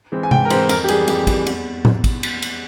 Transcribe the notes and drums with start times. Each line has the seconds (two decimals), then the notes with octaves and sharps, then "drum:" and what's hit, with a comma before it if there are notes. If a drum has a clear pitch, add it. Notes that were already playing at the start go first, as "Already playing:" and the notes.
0.12 E3 G#3 C4
0.23 G#5
0.31 G#2 G5, drum: tom C3
0.45 A#4
0.50 E3 G#3 C4 C5, drum: cymbal
0.69 F2 A#4, drum: cymbal
0.84 G4
0.88 E3 G3 G#4, drum: cymbal
1.08 F2 G4, drum: cymbal
1.27 E3 G3, drum: kick, cymbal
1.47 E2, drum: cymbal
1.85 drum: tom A2
2.04 drum: kick, cymbal
2.23 drum: cymbal
2.42 drum: cymbal